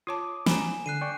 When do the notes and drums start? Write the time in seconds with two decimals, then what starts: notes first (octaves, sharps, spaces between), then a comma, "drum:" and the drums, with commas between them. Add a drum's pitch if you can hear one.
0.07 F4 C#5 A5 D6 D#6
0.46 G#5 A#5 B5 E7, drum: snare
0.86 D3 F#6 C7 D#7
1.01 D5 G5 C#6